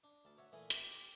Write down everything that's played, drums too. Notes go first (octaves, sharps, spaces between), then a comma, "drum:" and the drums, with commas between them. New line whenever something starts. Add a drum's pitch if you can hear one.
D4
D2 A5
C#5 E5 F#5
A#2 E3 A3 E5 G#5 D#6
G4 G5 A#5, drum: hi-hat